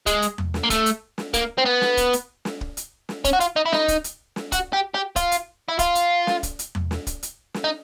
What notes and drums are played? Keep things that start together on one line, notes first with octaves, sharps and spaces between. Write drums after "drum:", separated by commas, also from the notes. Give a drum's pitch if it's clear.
G#3, drum: kick, hi-hat
drum: hi-hat
drum: tom E2
drum: snare
A#3
A3, drum: kick, hi-hat
drum: hi-hat
drum: snare
A#3, drum: kick, hi-hat
C4
B3
drum: snare
drum: kick, hi-hat
drum: hi-hat
drum: snare
drum: kick
drum: hi-hat
drum: snare
C#4, drum: kick, hi-hat
F#4
F4, drum: hi-hat
D#4
E4
D#4, drum: snare
drum: kick, hi-hat
drum: hi-hat
drum: snare
F#4, drum: kick, hi-hat
G4
G4
F4, drum: kick, hi-hat
drum: hi-hat
E4
F4, drum: kick, hi-hat
drum: hi-hat
drum: snare
drum: kick, hi-hat
drum: hi-hat
drum: tom E2
drum: snare
drum: kick, hi-hat
drum: hi-hat
drum: snare
D#4